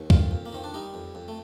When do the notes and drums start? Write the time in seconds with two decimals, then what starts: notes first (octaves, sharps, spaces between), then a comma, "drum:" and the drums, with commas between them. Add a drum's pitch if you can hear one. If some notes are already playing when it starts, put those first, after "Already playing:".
Already playing: D#2
0.10 F2 F4, drum: kick
0.31 F2
0.46 A#3
0.53 D#3 C4
0.64 D4
0.74 G3 D#4
0.94 F2
1.15 F2
1.28 A3